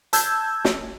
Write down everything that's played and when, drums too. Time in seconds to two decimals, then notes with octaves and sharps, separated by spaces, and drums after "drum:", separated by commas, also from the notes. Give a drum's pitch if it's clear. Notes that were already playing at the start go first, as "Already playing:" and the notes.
0.13 A5 E6 G6 G#6, drum: hi-hat
0.65 drum: snare